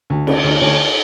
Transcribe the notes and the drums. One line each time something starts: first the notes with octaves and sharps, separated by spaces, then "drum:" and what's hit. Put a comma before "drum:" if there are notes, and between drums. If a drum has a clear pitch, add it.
D2
C#3, drum: cymbal
D2
D2 C#5